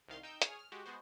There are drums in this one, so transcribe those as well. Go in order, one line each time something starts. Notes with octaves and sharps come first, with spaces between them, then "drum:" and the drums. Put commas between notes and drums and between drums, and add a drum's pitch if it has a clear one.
C2 D#3 F5 C6
D#4 G5 E6 G6
G#4 C#5 D#6 F6, drum: hi-hat
F6
G#3 F#4 G4
G#3 B3 F#4 C5